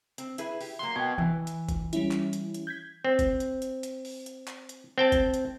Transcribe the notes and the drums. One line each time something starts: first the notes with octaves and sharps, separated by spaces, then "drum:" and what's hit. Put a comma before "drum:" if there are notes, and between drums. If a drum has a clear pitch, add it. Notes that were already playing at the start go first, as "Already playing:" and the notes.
C4, drum: hi-hat
E4 G#4 B4, drum: hi-hat
G4, drum: open hi-hat
F#3 A#3 C6
B2 G5 G#6
E3
drum: hi-hat
drum: kick G1, hi-hat
G3 C#4 E4, drum: hi-hat
drum: clap
drum: hi-hat
drum: hi-hat
G6 G#6 B6
C4
drum: kick G1, hi-hat
drum: hi-hat
drum: hi-hat
drum: hi-hat
drum: open hi-hat
drum: hi-hat
drum: clap
drum: hi-hat
C4 G5 A5
drum: kick G1, hi-hat
drum: hi-hat